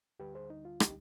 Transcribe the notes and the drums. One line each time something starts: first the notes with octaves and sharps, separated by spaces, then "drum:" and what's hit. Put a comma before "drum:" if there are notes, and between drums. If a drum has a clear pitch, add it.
D2 D3 G3 D4 G4 B4
G#4 C5
D#4
F4
D#4 G4, drum: rim click